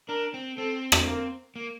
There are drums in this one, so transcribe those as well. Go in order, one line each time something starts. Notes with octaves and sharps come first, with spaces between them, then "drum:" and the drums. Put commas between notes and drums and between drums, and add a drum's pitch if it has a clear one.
D4 A#4
C4
C4 A4
drum: rim click
A#3
A#3